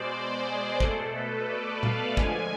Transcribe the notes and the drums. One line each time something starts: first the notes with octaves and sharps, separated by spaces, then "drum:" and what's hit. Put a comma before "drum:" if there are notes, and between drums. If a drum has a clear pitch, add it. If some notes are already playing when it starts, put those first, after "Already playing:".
Already playing: B2 G#3 C5 D5
G#4
B2 A3 A4, drum: kick
B4
D5
F5, drum: tom A#2
D3 F3 G#3 G#5, drum: kick